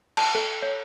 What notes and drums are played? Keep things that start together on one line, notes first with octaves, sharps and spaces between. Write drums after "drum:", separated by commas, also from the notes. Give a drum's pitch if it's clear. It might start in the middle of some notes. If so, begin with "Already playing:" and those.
A5, drum: cymbal
A4
C#5